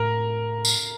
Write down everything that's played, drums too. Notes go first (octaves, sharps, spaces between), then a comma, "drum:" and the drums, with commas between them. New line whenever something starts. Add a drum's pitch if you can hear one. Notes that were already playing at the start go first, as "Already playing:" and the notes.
Already playing: A2 A#4
drum: tambourine